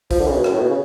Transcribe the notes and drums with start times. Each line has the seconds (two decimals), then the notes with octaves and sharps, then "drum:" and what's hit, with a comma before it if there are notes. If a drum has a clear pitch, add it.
0.11 F3, drum: kick C2, open hi-hat
0.19 D3
0.27 C#3
0.36 B2
0.44 F#2, drum: rim click
0.52 A2
0.61 B2
0.69 C#3